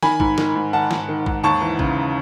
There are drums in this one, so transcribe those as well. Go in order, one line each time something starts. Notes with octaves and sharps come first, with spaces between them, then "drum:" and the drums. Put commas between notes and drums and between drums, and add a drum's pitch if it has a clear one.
D#3 G#5 B5, drum: snare
G#2, drum: kick
D#3, drum: snare
G#2
D#3 F#5 A5
G#2, drum: snare
D#3
G#2, drum: kick
D#2 A5 C#6
E3
C#3, drum: kick